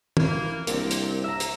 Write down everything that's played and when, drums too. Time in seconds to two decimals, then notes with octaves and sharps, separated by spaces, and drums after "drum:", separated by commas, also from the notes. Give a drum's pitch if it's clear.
0.17 E3 A#3, drum: tom
0.67 C2 A#3 C4 D4, drum: hi-hat
0.91 drum: hi-hat
1.24 E5 A#5
1.40 drum: hi-hat